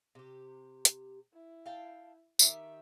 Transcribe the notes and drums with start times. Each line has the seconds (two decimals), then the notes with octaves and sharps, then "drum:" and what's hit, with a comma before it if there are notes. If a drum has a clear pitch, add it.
0.15 C3 G4
0.85 drum: hi-hat
1.33 E4
1.66 F5 G5 A5
2.39 D#3 G4 E5, drum: tambourine